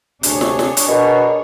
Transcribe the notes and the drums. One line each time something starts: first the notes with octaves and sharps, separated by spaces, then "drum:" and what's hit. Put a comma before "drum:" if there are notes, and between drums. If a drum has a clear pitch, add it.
D2 C3 D4 G#4 C#5, drum: hi-hat
drum: snare
drum: snare
drum: hi-hat
B2 A#4